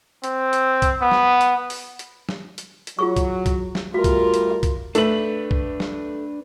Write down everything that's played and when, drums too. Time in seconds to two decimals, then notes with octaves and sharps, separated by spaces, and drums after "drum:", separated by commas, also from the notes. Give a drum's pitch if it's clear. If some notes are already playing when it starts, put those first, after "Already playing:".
0.24 C4, drum: hi-hat
0.53 drum: hi-hat
0.82 drum: kick, hi-hat
1.01 B3
1.11 drum: snare
1.41 drum: hi-hat
1.70 drum: open hi-hat
1.99 drum: hi-hat
2.29 drum: snare
2.58 drum: hi-hat
2.87 drum: hi-hat
2.99 F#3 F4 G#4 C#6
3.16 drum: kick, hi-hat
3.46 drum: kick, hi-hat
3.75 drum: snare
3.94 G3 A3 F4 F#4 A#4
4.04 drum: kick, hi-hat
4.34 drum: hi-hat
4.63 drum: kick, hi-hat
4.95 A3 D4 B4 F#7, drum: hi-hat
5.51 drum: kick
5.80 drum: snare